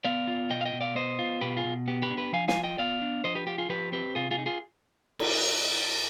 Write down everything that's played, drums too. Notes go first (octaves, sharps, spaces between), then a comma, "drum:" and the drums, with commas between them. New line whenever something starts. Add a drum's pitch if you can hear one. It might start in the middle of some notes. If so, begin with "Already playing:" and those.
B3 D5 F5
F4
B2 D#5 G5
F5
D#5 G5
B2
D5 F5
B3 C5 D#5
F4
B2 G4 B4
F4 G#4
B2
B3 G4
G4 B4
D4
G4 B4
F3 F5 G#5
F5 G#5, drum: snare
F4
D#5 G5
B3 D5 F5
D4
F3 C5 D#5
G4 B4
F4 G4
F4 G#4
F3 G4 B4
C4 G4 B4
C3 F4 G#4
F4 G#4
D#4
F4 G#4
drum: cymbal